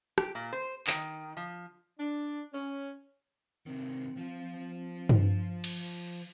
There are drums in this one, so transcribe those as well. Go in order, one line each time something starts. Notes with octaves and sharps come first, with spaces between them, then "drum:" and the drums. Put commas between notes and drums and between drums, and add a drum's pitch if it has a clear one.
G4, drum: rim click
A#2
C5
D#3, drum: clap
F3
D4
C#4
C3 D#3 C4
F3 F4
drum: tom G2
drum: cymbal